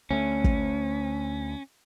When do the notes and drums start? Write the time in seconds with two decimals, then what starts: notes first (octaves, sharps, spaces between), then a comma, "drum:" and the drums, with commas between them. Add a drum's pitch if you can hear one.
0.11 D2 A3 C#4
0.44 drum: kick